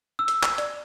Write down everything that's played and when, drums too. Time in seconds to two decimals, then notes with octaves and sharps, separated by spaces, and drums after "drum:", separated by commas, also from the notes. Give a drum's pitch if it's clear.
0.19 E6
0.28 drum: hi-hat
0.43 drum: clap
0.58 D5, drum: hi-hat